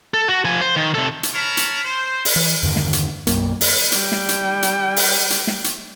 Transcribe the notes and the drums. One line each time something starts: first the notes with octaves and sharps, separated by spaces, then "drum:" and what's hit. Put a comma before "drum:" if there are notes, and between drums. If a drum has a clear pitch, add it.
A4
F#4
F3 G#5
C5
D#3
C3 A4
drum: hi-hat
A#4 C#5 A5 B5
drum: hi-hat
C5
drum: open hi-hat
E3
E2 G2 D3 D#3
drum: snare
drum: hi-hat
B1 F#2 A#3, drum: hi-hat
drum: open hi-hat
G3 G5, drum: hi-hat
drum: snare
drum: hi-hat
drum: hi-hat
drum: open hi-hat
drum: hi-hat
drum: snare
drum: hi-hat